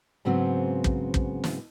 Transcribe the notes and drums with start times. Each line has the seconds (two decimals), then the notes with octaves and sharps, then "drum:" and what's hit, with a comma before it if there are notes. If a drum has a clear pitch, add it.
0.25 G#2 C#3 F#3 B3 C4 C5
0.84 drum: kick
1.14 drum: kick
1.44 drum: snare